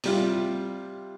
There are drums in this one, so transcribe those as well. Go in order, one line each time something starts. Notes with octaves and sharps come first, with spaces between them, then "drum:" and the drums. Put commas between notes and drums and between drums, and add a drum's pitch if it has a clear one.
C3 G3 F4, drum: open hi-hat